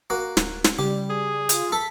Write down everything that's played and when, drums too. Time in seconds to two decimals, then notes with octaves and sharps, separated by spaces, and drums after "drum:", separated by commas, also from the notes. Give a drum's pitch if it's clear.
0.10 A#3 F#4
0.37 D1, drum: snare
0.64 drum: snare
0.79 C#3 G3 G4
1.10 G#4
1.49 F4, drum: hi-hat
1.72 A4 B6